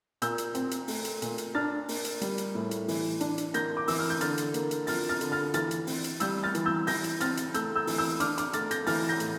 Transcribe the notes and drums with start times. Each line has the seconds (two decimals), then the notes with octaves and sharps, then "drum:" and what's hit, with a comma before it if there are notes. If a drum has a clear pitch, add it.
0.22 A#2 E6 G6, drum: hi-hat
0.38 drum: hi-hat
0.55 C4, drum: hi-hat
0.71 drum: hi-hat
0.88 A3, drum: open hi-hat
1.05 drum: hi-hat
1.22 A#2, drum: hi-hat
1.38 drum: hi-hat
1.55 D4 F6 A6
1.89 A#3, drum: open hi-hat
2.05 drum: hi-hat
2.21 G3, drum: hi-hat
2.38 drum: hi-hat
2.55 A2
2.71 drum: hi-hat
2.88 E3, drum: open hi-hat
3.20 D4, drum: hi-hat
3.38 drum: hi-hat
3.54 A#3 G6 A#6, drum: hi-hat
3.77 D6
3.88 E3 E6, drum: open hi-hat
3.99 F6
4.10 G6
4.21 D3 F6 A6, drum: hi-hat
4.38 drum: hi-hat
4.54 A#3, drum: hi-hat
4.71 drum: hi-hat
4.87 F3 F6 A6, drum: open hi-hat
5.09 F6 A6
5.21 D3, drum: hi-hat
5.32 F6 A6
5.54 E3 F6 A6, drum: hi-hat
5.71 drum: hi-hat
5.87 C4, drum: open hi-hat
6.04 drum: hi-hat
6.20 G3 E6 G6, drum: hi-hat
6.43 F6 A6
6.55 E3, drum: hi-hat
6.66 E6 G6
6.87 E3 G6 A#6, drum: open hi-hat
7.04 drum: hi-hat
7.21 C4 F6 A6, drum: hi-hat
7.37 drum: hi-hat
7.54 A3 E6 G6, drum: hi-hat
7.76 E6 G6
7.87 E3, drum: open hi-hat
7.98 E6 G6
8.20 D4 D6 F6, drum: hi-hat
8.38 D6 F6, drum: hi-hat
8.53 A3 F6 A6, drum: hi-hat
8.71 G6 A#6, drum: hi-hat
8.87 E3 F6 A6, drum: open hi-hat
9.09 G6 A#6
9.20 A2, drum: hi-hat